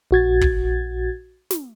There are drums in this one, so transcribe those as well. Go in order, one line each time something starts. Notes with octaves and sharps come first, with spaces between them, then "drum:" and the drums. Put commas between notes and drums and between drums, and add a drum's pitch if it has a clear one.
A#1 F#4 G#6 A6
drum: kick
drum: snare